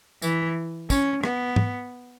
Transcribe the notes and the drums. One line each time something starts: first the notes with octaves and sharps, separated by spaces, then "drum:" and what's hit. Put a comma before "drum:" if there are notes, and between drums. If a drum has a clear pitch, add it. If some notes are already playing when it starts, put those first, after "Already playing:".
E3, drum: tambourine
C#4, drum: kick, tambourine
B3, drum: rim click
drum: tom